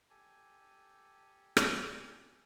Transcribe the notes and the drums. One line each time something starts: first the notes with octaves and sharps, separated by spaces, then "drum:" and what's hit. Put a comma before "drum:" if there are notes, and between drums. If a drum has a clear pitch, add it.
G4 A4 G#5
drum: rim click